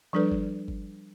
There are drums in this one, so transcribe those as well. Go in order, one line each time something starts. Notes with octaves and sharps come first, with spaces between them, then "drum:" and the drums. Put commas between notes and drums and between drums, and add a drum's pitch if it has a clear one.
F3 G3 D4 A4 B4
drum: kick G1
drum: kick G1